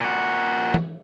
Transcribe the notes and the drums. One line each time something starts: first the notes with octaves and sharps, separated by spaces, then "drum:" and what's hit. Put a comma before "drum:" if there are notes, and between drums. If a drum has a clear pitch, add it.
A#2 F#4
drum: tom